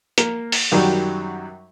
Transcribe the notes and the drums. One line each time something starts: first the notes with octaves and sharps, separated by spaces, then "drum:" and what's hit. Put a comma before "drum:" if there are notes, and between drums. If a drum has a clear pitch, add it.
A#3, drum: hi-hat
drum: open hi-hat
F#2 D#3 F#3 G3